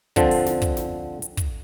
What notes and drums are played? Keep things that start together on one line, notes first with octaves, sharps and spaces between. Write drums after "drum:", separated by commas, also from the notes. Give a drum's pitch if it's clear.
D3 F3 C4, drum: kick, hi-hat
drum: open hi-hat
drum: snare
drum: kick, hi-hat
drum: snare
drum: hi-hat
drum: kick, hi-hat